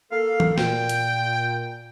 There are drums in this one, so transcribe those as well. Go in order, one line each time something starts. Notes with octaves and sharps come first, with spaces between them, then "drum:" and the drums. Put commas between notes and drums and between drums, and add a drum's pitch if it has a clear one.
A#3 A4 F5
drum: tom E3
A#2 G5, drum: snare
drum: hi-hat